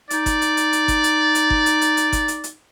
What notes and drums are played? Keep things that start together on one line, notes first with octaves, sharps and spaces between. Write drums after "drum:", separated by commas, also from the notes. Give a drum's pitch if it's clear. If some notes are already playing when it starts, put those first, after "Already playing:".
D#4 D5, drum: hi-hat
drum: kick G1, hi-hat
drum: hi-hat
drum: hi-hat
drum: hi-hat
drum: kick G1, hi-hat
drum: hi-hat
drum: hi-hat
drum: kick G1
drum: hi-hat
drum: hi-hat
drum: hi-hat
drum: kick G1, hi-hat
drum: hi-hat
drum: hi-hat